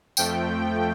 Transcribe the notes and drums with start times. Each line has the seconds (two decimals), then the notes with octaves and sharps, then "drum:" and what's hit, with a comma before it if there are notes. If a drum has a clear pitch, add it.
0.17 F2 F3 A3 G5, drum: tambourine